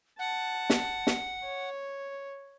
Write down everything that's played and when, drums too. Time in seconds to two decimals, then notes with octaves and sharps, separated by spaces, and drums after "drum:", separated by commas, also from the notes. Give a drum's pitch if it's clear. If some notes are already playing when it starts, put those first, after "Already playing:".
0.19 F#5 A5
0.70 drum: snare
1.07 drum: snare
1.44 C#5